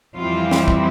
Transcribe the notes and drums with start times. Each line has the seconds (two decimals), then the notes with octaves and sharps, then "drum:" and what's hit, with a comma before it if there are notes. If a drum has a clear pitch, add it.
0.19 F2 E3 G3 C4 E4 F4
0.51 drum: snare
0.68 drum: kick